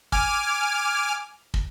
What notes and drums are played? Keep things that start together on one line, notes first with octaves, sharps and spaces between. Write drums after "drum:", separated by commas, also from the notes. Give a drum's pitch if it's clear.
G#5 D6 F6, drum: kick
drum: kick